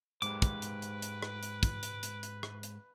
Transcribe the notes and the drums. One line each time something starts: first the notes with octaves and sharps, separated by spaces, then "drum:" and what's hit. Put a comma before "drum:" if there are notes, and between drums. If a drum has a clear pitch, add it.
G#2 G#3 G4 B4 D6, drum: hi-hat
drum: kick, hi-hat
drum: hi-hat
drum: hi-hat
drum: hi-hat
drum: rim click
drum: hi-hat
drum: kick, hi-hat
drum: hi-hat
drum: hi-hat
drum: hi-hat
drum: rim click
drum: hi-hat